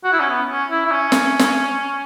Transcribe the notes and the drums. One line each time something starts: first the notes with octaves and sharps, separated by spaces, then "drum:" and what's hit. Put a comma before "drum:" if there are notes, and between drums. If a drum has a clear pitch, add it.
F#4
E4
C#4
B3
C#4
E4
E4
C#4
drum: snare
drum: snare